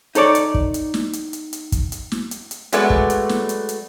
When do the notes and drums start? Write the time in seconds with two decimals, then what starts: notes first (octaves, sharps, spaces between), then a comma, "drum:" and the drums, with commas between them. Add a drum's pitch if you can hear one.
0.15 D#4 A4 C#5 D5, drum: hi-hat
0.35 drum: hi-hat
0.54 drum: kick
0.74 drum: hi-hat
0.94 drum: snare
1.13 drum: hi-hat
1.33 drum: hi-hat
1.53 drum: hi-hat
1.72 drum: kick, hi-hat
1.92 drum: hi-hat
2.12 drum: snare
2.31 drum: hi-hat
2.51 drum: hi-hat
2.72 F#3 G#3 A3 B3 D5, drum: hi-hat
2.90 drum: kick
3.10 drum: hi-hat
3.29 drum: snare
3.49 drum: hi-hat
3.69 drum: hi-hat